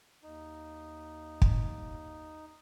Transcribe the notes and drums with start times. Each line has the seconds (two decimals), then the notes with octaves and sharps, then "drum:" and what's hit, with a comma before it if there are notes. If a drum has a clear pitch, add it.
0.24 D#2 D#4
1.42 drum: kick